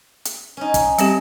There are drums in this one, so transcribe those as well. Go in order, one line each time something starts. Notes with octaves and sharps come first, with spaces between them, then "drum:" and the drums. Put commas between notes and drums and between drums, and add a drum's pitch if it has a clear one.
drum: hi-hat
C#4 D#4
drum: kick, hi-hat
G3 C4 G4, drum: hi-hat